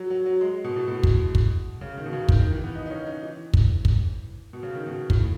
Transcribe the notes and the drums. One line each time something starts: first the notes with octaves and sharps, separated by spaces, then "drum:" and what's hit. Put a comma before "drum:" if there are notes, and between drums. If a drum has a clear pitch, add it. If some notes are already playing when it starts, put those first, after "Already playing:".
Already playing: F#3
F#3
F#3
G#3
B2
A2
B2
drum: kick
drum: kick
C#3
D#3
B2
C#3
D#3, drum: kick
D#3
E3
B3
D#4
D#4
C#4
D#4
E3
drum: kick
drum: kick
B2
C#3
D#3
B2
A2, drum: kick